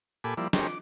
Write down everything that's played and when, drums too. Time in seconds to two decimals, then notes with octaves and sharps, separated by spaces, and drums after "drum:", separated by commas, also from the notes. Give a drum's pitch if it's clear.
0.24 A#2 G4 A4 G#5 B5 D6
0.37 F3 G3 A#3 E4 D5
0.53 G3 G4 G#4 A#4 C5 C#5, drum: snare
0.67 D6